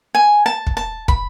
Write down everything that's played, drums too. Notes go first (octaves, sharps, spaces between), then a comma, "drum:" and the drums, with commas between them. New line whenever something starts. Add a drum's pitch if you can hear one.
G#5
A5
drum: kick
A5
B5, drum: kick